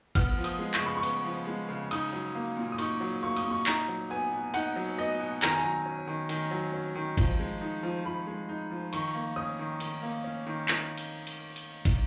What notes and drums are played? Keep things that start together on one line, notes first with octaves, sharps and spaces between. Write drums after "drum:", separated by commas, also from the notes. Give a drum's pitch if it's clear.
B3 F6, drum: kick, cymbal
F3
D#6, drum: cymbal
G#3
C#6, drum: clap
C#3 B5
C#6
B3, drum: cymbal
F3
G#3
C#3
D#4 D#6, drum: cymbal
F#3
A#3
A#2
D#6
D#4 C#6, drum: cymbal
F#3
A#3 C#6
D#6, drum: cymbal
A#2
C#6
D#4 A#5, drum: clap
F#3
B3 G#5
B2
D#4 F#5, drum: cymbal
F#3
B3 D#5
B2
D#3 A#5, drum: clap
G#5
F#3 A#5
C#4
D#3
D#3, drum: cymbal
F#3
C#4
D#3
F3, drum: kick, cymbal
G#3
D#4
F3
F3 B5
G#3
D#4
F3
D#3 C#6, drum: cymbal
A#3
C#4 D#6
D#3
D#3, drum: cymbal
A#3
C#4
D#3
drum: clap
drum: cymbal
drum: cymbal
drum: cymbal
drum: kick, cymbal